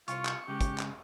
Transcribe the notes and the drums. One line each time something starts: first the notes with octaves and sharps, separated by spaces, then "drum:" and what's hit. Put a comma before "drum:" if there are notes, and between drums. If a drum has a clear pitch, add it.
C2 F4 C#6, drum: hi-hat
drum: clap
C#3 G#3 G4 G#4
drum: kick, hi-hat
drum: clap